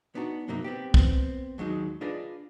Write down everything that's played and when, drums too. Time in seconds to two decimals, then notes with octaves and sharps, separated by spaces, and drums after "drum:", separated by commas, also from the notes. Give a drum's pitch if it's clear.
0.15 B3 D4 D#4 F4 F#4
0.48 G2 C3 F#3 A#3 D#4 E5
0.64 B3 C4 G4
0.94 B3 C4, drum: kick
1.58 D#2 F#3 G#3 D#4 F#4
2.01 D4 F4 G#4 B4 D5 D#5